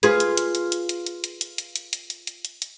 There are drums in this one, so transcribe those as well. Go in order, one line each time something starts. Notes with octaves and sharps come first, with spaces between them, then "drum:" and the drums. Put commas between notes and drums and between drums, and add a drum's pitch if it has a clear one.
F4 G#4 B4, drum: hi-hat
drum: hi-hat
drum: hi-hat
drum: hi-hat
drum: hi-hat
drum: hi-hat
drum: hi-hat
drum: hi-hat
drum: hi-hat
drum: hi-hat
drum: hi-hat
drum: hi-hat
drum: hi-hat
drum: hi-hat
drum: hi-hat
drum: hi-hat